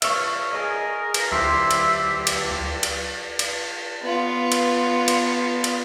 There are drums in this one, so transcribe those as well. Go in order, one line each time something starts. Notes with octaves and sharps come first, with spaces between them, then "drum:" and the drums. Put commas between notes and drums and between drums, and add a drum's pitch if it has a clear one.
C#5 E5 F5, drum: cymbal
G#4 A#4 D#5
drum: cymbal
D2 F#3 E4 G4 C5 E5 D6
drum: cymbal
drum: cymbal
drum: cymbal
drum: cymbal
B3 F4
drum: cymbal
drum: cymbal
drum: cymbal